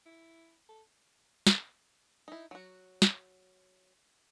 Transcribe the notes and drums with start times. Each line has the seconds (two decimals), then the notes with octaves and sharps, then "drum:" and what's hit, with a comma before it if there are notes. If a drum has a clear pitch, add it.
0.06 E4
0.69 A4
1.47 drum: snare
2.28 D#4 E4
2.51 F#3 F#4
3.02 drum: snare